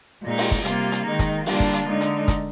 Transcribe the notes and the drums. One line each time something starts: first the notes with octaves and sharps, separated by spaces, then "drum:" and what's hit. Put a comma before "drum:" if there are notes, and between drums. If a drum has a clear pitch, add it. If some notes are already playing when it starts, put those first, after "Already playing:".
A#2 G#3 D#4
drum: open hi-hat
drum: kick
C3 G3 A#3 F4, drum: hi-hat
drum: hi-hat
D#3 G#3 D#4
drum: kick, hi-hat
D3 G3 A#3 D4 F4, drum: open hi-hat
drum: kick
drum: hi-hat
D3 G#3 D#4
drum: hi-hat
drum: kick, hi-hat